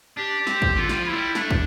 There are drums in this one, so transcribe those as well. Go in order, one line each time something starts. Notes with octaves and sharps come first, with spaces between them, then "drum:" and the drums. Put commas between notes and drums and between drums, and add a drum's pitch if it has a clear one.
D4 G4
C4, drum: snare
drum: kick
D3 F4
G3, drum: snare
F3
E4
A3
G3
A3 D4, drum: snare
drum: kick